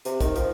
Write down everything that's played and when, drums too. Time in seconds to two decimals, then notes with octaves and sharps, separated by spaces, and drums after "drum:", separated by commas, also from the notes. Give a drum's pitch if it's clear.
0.05 C3, drum: hi-hat
0.20 D#3, drum: kick, hi-hat
0.36 F3, drum: hi-hat